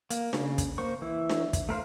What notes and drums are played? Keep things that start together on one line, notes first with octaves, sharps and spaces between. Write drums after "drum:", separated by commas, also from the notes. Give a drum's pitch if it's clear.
A#3, drum: hi-hat
C#3, drum: snare D4
drum: kick, hi-hat
A#3 C5 C#6
E3 E4
drum: snare D4
drum: kick, hi-hat
A3 A#4 C5 F5